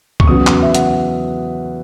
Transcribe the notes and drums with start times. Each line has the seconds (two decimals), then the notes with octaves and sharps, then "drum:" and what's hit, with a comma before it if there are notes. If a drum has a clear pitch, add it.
0.20 C#6, drum: kick
0.27 E2 C#3 F#3 D#6
0.47 drum: clap
0.62 E5
0.75 F#5, drum: hi-hat